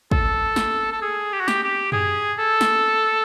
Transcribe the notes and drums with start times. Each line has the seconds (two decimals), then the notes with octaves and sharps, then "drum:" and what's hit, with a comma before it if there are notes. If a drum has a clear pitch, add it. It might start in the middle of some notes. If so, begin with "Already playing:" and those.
0.11 A4, drum: kick
0.56 drum: snare
0.92 A4
1.02 G#4
1.32 G4
1.40 F#4
1.48 G4, drum: snare
1.63 G4
1.92 G#4, drum: tom F#2
2.39 A4
2.61 drum: snare